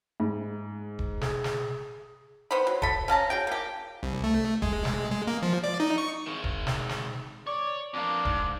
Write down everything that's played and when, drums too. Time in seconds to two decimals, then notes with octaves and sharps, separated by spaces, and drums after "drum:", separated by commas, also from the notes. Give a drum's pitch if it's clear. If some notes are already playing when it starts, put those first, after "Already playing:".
0.20 G#2
0.99 drum: kick D#1
1.21 G#4, drum: snare
1.44 drum: snare
2.51 D#3 B3 C5 B5
2.67 F#3
2.82 A4 B5, drum: kick D#1
3.08 C#4 F5 A5 A#5
3.30 F#3 G#4 G5
3.47 A#3 G4
4.03 C2
4.24 A3
4.62 G#3, drum: kick D#1
4.85 drum: snare
5.11 G#3
5.27 A#3
5.43 F3
5.64 D5
5.80 D#4
5.98 C#6
6.26 D#3 G#3
6.44 drum: kick D#1
6.67 drum: snare
6.89 drum: snare
7.47 C#5 D5
7.94 F2 A#3 D4
8.25 G#2, drum: kick D#1